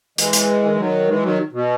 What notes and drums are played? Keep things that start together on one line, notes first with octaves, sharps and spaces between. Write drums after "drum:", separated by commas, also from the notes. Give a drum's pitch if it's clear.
E3 G#3, drum: hi-hat
drum: hi-hat
D#3
E3
D#3 F#3
E3 G#3
D#3 F#3
B2